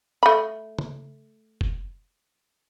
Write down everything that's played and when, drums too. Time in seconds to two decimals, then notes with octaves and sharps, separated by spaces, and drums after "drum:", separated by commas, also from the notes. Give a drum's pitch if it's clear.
0.23 A3 B5
0.79 drum: tom
1.61 drum: kick F1